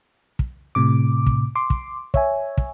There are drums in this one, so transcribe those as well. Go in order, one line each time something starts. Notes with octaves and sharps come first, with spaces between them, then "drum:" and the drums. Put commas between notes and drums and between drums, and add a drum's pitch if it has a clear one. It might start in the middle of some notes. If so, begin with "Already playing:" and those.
drum: kick
A2 C3 D6
drum: kick
C6 D6
drum: kick
C#5 E5 G#5, drum: kick
drum: kick